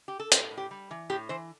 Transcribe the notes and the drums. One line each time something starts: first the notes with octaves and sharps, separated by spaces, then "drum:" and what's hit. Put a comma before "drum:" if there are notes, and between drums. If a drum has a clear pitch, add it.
G4
A4
A2 C5, drum: hi-hat
A2
G4
G3
E3
A2 G4
E3 C5